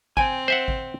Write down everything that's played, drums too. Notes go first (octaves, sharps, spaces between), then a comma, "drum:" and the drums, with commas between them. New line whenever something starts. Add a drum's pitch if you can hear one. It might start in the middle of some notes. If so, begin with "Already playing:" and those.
C4 G5 G#5, drum: kick G#1
C5 E5 F#5
drum: kick G#1